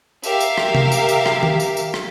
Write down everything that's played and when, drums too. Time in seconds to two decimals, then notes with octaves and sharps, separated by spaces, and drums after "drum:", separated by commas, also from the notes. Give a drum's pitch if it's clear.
0.23 G4 A#4 E5 F5, drum: tambourine
0.41 drum: tambourine
0.58 drum: rim click
0.75 drum: tom C3
0.92 drum: tambourine
1.09 drum: tambourine
1.26 drum: rim click
1.43 drum: tom D#3
1.60 drum: tambourine
1.77 drum: tambourine
1.94 drum: rim click